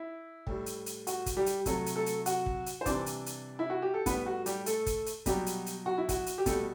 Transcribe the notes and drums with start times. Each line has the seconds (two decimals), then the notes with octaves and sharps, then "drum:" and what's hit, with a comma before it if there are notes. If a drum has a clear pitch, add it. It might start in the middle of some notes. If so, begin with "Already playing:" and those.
Already playing: E4
0.47 A2 G3, drum: kick
0.66 drum: hi-hat
0.86 drum: hi-hat
1.07 F#4, drum: hi-hat
1.26 drum: kick, hi-hat
1.37 G3 G4
1.46 drum: hi-hat
1.66 C3 F#3 A3 A4, drum: kick, hi-hat
1.86 drum: hi-hat
1.96 A3 A4
2.06 drum: hi-hat
2.26 F#4 F#5, drum: hi-hat
2.46 drum: kick
2.66 drum: hi-hat
2.81 C5
2.86 C3 E3 G3 D4 D5, drum: kick, hi-hat
3.06 drum: hi-hat
3.26 drum: hi-hat
3.59 E4
3.70 F#4
3.82 G4
3.94 A4
4.06 A2 G3 B3 B4, drum: kick, hi-hat
4.26 F#4
4.46 G3 G4, drum: hi-hat
4.66 A3 A4, drum: hi-hat
4.86 drum: kick, hi-hat
5.06 drum: hi-hat
5.26 B2 F#3 G3 G4, drum: kick, hi-hat
5.46 drum: hi-hat
5.66 drum: hi-hat
5.86 F#4
5.98 E4
6.09 F#4, drum: kick, hi-hat
6.26 drum: hi-hat
6.38 G4
6.46 B2 G3 A3 A4, drum: kick, hi-hat